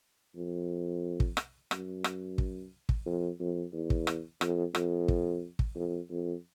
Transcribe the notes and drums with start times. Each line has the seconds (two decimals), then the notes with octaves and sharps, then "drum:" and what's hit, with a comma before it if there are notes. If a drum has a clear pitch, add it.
0.36 F2
1.20 drum: kick
1.37 drum: rim click
1.71 F#2, drum: rim click
2.04 drum: rim click
2.38 drum: kick
2.89 drum: kick
3.06 F2
3.40 F2
3.73 E2
3.90 drum: kick
4.07 drum: rim click
4.41 F2, drum: rim click
4.75 F2, drum: rim click
5.08 drum: kick
5.59 drum: kick
5.75 F2
6.10 F2